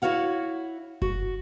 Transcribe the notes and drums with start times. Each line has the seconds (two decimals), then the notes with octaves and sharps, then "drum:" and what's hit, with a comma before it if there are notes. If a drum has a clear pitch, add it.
0.02 E4 F#4 C#5 F5 F#5
1.02 F#4, drum: kick F#1